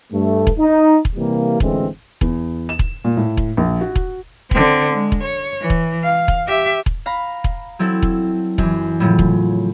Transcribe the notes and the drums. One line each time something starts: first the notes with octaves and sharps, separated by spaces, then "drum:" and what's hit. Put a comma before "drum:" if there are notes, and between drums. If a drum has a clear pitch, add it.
G2 A3
drum: kick E1
D#4
drum: kick E1
C3 E3 G3 A#3
A1 D3 E3 G#3 C4, drum: kick E1
E2, drum: kick E1
E7
drum: kick E1
A#2
A2
drum: kick E1
A#1
F#4
drum: kick E1
D3 C4, drum: kick E1
G#3
drum: kick E1
C#5
E3
drum: kick E1
F5
drum: kick E1
G4 E5
drum: kick E1
F5 A#5 B5
drum: kick E1
F#3 C4 E4 A4
drum: kick E1
F#2 E3, drum: kick E1
A2 C#3 F3 F#3
drum: kick E1